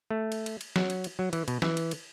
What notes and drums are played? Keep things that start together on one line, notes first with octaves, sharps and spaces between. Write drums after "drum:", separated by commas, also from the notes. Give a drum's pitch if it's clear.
A3
drum: cymbal
drum: cymbal
drum: cymbal
F#3, drum: snare
drum: cymbal
drum: cymbal
F#3
E3, drum: cymbal
B2, drum: cymbal
E3, drum: snare
drum: cymbal
drum: cymbal